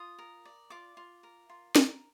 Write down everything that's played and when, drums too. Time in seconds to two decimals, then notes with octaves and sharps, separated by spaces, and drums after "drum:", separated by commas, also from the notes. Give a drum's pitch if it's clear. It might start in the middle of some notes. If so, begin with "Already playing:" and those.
Already playing: F4 D#6
0.18 A#4
0.45 D5
0.70 F4 D6
0.97 F4
1.23 A#4
1.49 F4
1.76 A#4, drum: snare